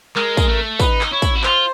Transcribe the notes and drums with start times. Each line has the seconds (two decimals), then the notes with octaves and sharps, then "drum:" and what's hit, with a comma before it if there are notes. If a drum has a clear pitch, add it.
0.16 G#3 A#4, drum: clap
0.37 drum: kick, tambourine
0.48 A3
0.80 D#4 B4, drum: kick, tambourine
1.01 drum: clap
1.12 E4 C#5
1.22 drum: kick, tambourine
1.35 F#4
1.44 F4 C5, drum: clap